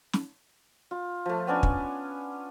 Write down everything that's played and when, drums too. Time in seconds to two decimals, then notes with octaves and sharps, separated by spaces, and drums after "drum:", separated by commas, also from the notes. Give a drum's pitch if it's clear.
0.13 drum: snare
0.91 F4
1.26 F3 A3
1.47 B3 C#4 D4 G#5
1.63 drum: kick